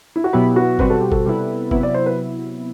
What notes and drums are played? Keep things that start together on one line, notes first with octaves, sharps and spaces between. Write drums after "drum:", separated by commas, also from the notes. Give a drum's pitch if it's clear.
E4
F#4
B2 F#3 B3 E4 G4 B4
F#4
B2 G3 C4 F#4 B4, drum: kick G1
A4
G4
A4, drum: kick G1
C3 G3 B3 E4 B4
C3 F#3 B3 E4, drum: kick G1
D5
C5
B4